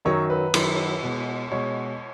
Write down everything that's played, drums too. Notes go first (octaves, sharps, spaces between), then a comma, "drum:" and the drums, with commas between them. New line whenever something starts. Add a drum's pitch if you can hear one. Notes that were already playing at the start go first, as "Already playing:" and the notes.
F#2 D#3 F#3 C#5
B4
F#2 D#3 F#3, drum: cymbal
B2 G#3
B2 G#3 C#5